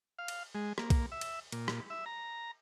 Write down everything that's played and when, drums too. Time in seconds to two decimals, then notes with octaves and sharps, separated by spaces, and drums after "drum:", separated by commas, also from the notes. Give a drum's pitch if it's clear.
0.19 F5
0.28 drum: cymbal
0.55 G#3
0.78 A#3, drum: rim click
0.90 drum: kick B1, cymbal
1.12 E5
1.21 drum: cymbal
1.52 A#2, drum: cymbal
1.68 drum: rim click
1.90 E5
2.06 A#5